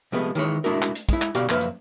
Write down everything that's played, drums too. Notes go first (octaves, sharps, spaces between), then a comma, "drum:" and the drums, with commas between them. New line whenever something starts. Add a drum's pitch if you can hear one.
C3 F3 G#3 A3 B3
D#3 E3 G#3 C#5
G#3 A3 D4 E4 F#4 A#4
drum: clap
drum: hi-hat
G#3 E4, drum: kick, hi-hat
drum: clap
B2 F#4 G4 D5 F5, drum: hi-hat
F#2 F3 A#3 B4 E5 F5, drum: clap
drum: hi-hat